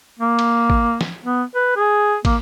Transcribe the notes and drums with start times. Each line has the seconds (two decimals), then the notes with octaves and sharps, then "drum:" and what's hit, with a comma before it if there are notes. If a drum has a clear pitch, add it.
0.19 A#3
0.39 drum: cymbal
0.70 drum: kick
1.01 drum: snare
1.25 B3
1.55 B4
1.77 G#4
2.25 A#3, drum: kick, cymbal